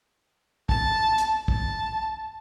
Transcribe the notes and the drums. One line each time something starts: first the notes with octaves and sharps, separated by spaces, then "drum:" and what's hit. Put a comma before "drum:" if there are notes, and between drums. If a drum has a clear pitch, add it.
A5, drum: kick
drum: hi-hat
A5, drum: kick